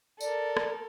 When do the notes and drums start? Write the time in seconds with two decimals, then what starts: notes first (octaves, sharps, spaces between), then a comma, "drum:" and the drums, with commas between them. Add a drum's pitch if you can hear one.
0.21 A4 A#4 D5, drum: tambourine
0.57 drum: rim click